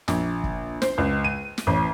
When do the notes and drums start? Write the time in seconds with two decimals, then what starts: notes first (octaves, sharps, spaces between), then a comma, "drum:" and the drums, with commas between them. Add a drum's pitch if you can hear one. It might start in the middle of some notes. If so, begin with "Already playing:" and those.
0.08 A#1, drum: snare
0.44 drum: kick
0.82 C5, drum: snare
0.98 C#2
1.24 D#7
1.58 drum: snare
1.67 A1